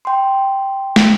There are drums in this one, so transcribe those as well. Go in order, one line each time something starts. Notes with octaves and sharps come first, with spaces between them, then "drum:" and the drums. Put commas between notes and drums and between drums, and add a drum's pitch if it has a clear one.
G5 C6
drum: snare